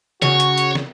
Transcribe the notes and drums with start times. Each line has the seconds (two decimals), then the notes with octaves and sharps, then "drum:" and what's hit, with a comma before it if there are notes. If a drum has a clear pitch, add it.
0.22 C#3 F#4 C#5, drum: snare
0.40 drum: hi-hat
0.58 drum: hi-hat
0.75 drum: snare